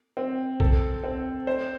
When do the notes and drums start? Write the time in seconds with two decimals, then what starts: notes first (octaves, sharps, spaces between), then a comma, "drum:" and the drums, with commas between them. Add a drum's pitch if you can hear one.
0.17 C4
0.60 A4, drum: kick B1
1.04 C4
1.47 C5